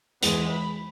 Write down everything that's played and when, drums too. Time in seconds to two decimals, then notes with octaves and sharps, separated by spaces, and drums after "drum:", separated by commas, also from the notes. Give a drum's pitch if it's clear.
0.23 E2 E3 G#3 B3, drum: hi-hat
0.51 B5